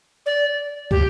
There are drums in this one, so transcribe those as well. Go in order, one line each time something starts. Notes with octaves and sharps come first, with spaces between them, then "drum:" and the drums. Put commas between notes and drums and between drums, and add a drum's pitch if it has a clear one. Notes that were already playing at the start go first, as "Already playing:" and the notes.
D5
G4, drum: kick